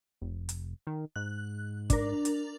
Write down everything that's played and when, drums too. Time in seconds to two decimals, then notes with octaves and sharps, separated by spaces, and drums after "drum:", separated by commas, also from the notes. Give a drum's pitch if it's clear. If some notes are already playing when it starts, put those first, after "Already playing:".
0.21 F1
0.49 drum: hi-hat
0.87 D#3
1.16 G#2 F#6
1.90 D4 A#4, drum: kick, hi-hat
2.25 drum: hi-hat